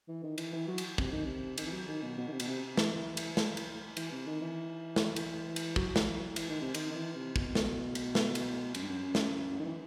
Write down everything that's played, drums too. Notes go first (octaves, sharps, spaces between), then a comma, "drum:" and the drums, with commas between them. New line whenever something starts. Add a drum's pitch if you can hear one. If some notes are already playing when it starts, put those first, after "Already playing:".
E3
D#3
E3, drum: cymbal
E3
F#3
drum: cymbal
C3, drum: kick
D#3
C3
D#3, drum: cymbal
E3
F#3
D#3
B2
B2
D#3
C3
B2, drum: cymbal
C3
C3
E3, drum: snare
drum: cymbal
drum: snare
drum: cymbal
E3, drum: cymbal
C3
D#3
E3
drum: snare
drum: cymbal
drum: cymbal
F#3, drum: kick
E3, drum: snare
E3, drum: cymbal
D#3
C3
D#3, drum: cymbal
D#3
E3
C3
B2, drum: kick
drum: snare
drum: cymbal
drum: snare
drum: cymbal
F#2, drum: cymbal
G2
F#2
drum: snare
F#2
F#2
D#3
E3